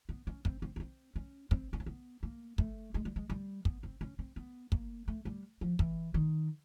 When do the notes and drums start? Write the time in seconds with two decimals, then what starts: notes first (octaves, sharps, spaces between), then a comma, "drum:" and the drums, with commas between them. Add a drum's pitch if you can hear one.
0.09 B3
0.27 C#4
0.45 C4, drum: kick
0.62 C4
0.76 B3
0.80 C4
1.16 C#4
1.51 C4, drum: kick
1.73 C#4
1.80 C4
1.86 B3
2.23 A#3
2.58 A3, drum: kick
2.94 G#3
3.05 G3
3.16 G#3
3.30 G3
3.65 B3, drum: kick
3.83 C4
4.01 C#4
4.19 C4
4.36 B3
4.72 A#3, drum: kick
5.08 A3
5.25 G3
5.61 F3
5.79 E3, drum: kick
6.14 D#3